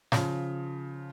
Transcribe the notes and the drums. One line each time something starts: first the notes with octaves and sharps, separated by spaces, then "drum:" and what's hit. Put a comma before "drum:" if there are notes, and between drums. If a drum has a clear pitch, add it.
C#3 F3, drum: snare